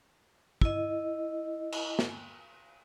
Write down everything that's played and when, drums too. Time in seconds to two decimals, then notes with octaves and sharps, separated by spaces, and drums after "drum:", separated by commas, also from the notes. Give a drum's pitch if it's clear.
0.61 E4 D#5, drum: kick
1.72 drum: cymbal
1.99 drum: snare